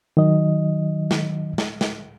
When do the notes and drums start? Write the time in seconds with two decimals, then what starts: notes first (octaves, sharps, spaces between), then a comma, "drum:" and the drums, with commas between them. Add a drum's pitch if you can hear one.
0.17 D#3 F#3 D#5
1.11 drum: snare
1.58 drum: snare
1.81 drum: snare